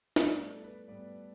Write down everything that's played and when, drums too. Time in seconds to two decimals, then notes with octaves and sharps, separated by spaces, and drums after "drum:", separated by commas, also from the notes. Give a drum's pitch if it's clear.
0.16 A2 G3 B3 D5, drum: snare
0.40 A4
0.64 B4
0.88 A2 G3 B3 D5